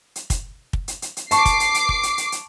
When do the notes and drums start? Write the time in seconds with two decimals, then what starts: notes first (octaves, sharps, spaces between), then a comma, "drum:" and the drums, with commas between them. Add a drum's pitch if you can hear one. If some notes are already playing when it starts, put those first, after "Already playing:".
0.16 drum: hi-hat
0.30 drum: kick, hi-hat
0.73 drum: kick
0.88 drum: hi-hat
1.02 drum: hi-hat
1.17 drum: hi-hat
1.31 A5 C#6 D6 C7, drum: hi-hat
1.45 drum: kick, hi-hat
1.60 drum: hi-hat
1.74 drum: hi-hat
1.89 drum: kick
2.03 drum: hi-hat
2.18 drum: hi-hat
2.32 drum: hi-hat